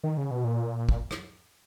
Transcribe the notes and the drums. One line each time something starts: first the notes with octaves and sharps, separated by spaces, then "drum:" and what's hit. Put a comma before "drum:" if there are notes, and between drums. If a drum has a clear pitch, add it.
D#3
C#3
B2
A#2
drum: kick
drum: rim click